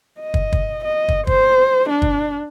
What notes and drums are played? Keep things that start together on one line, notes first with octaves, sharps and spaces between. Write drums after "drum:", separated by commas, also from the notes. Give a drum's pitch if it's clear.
D#5
drum: kick
drum: kick
D#5
drum: kick
C5, drum: kick
D4
drum: kick